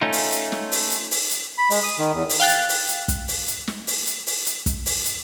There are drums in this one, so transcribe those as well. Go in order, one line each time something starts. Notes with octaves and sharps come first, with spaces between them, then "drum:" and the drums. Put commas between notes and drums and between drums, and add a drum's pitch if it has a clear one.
A3 C#4 D#4 F4
drum: open hi-hat
drum: hi-hat
drum: snare
drum: open hi-hat
drum: hi-hat
drum: open hi-hat
drum: hi-hat
B5
G#3, drum: open hi-hat
D#6
D#3
E2
drum: open hi-hat
F5 G5 F#6 A6
drum: hi-hat
drum: open hi-hat
drum: hi-hat
drum: kick, hi-hat
drum: open hi-hat
drum: hi-hat
drum: snare
drum: open hi-hat
drum: hi-hat
drum: open hi-hat
drum: hi-hat
drum: kick, hi-hat
drum: open hi-hat
drum: hi-hat